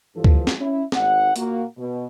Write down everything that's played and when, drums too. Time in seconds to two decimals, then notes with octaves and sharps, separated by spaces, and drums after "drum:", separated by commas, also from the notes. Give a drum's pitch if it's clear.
0.15 G2 E3 F3 A4
0.24 drum: kick C#2
0.47 drum: snare
0.60 C#4 E4
0.92 G#1 F#5, drum: snare
1.36 A#2 A#3 F#4, drum: hi-hat
1.78 B2